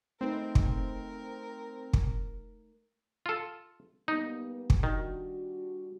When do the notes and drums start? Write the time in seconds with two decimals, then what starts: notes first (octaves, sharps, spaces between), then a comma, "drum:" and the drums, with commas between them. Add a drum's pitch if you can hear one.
0.21 A3 C4 D#4 A#4 B4
0.55 drum: kick
1.93 drum: kick
3.26 F4 A4
4.08 G3 A#3 B3 D#4
4.70 drum: kick
4.83 D#3 G3 D4 F#4